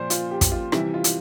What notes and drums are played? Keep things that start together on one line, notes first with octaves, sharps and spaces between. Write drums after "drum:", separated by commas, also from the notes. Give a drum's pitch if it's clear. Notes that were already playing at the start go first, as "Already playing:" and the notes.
Already playing: A#2 F3 C5 D5
F4, drum: hi-hat
G4
drum: kick, hi-hat
F4
C3 E3 G3 E4, drum: rim click
F4
drum: hi-hat